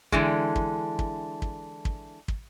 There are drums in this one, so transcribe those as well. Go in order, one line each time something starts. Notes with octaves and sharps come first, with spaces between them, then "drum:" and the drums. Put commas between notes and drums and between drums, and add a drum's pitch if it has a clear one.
D3 E3 G#3, drum: kick
drum: kick
drum: kick
drum: kick
drum: kick
drum: kick